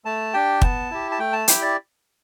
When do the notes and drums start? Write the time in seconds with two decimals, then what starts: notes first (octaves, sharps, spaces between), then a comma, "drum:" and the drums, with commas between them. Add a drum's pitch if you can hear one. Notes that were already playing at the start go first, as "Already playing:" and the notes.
0.05 A3 A5
0.34 D4 G4 G5
0.62 B3 A5, drum: kick
0.91 E4 G4
1.11 A5
1.19 A3 G5
1.33 A5
1.48 E4 G4 G5, drum: hi-hat
1.62 D5